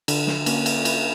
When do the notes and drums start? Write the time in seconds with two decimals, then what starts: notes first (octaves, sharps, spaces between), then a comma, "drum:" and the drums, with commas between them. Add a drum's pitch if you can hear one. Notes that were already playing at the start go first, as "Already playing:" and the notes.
0.08 D3, drum: cymbal
0.27 drum: snare
0.46 A#3 C#4, drum: cymbal
0.66 drum: cymbal
0.85 drum: cymbal